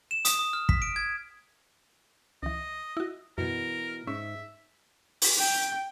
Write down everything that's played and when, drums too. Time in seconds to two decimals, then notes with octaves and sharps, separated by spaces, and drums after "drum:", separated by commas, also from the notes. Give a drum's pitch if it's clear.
0.11 E7
0.25 D#6, drum: hi-hat
0.39 D#6
0.53 F6
0.69 B6, drum: kick
0.82 D7
0.96 G#6
2.43 C#2 E3 D#5
2.97 E4 F#4
3.38 F#2 B2 E3 A#4
4.07 G#2 C#4 E5
5.22 drum: open hi-hat
5.39 G5